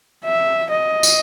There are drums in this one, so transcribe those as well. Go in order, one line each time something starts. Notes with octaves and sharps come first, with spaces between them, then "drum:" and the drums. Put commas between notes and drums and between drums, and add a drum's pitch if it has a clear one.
E5
D#5
drum: tambourine